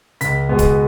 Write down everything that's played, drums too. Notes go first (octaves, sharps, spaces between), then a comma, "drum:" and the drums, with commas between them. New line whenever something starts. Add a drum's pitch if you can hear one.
C#2 B6, drum: hi-hat
B2 G#3 B3
drum: kick, hi-hat